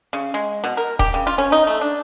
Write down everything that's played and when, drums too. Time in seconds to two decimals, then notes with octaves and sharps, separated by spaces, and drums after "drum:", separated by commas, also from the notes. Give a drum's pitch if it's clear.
0.13 C#3
0.34 G#3
0.64 B2
0.77 A#4
0.99 G4, drum: kick D#1
1.14 C#3
1.27 F4
1.38 C#4
1.52 D#4
1.67 A3
1.81 D4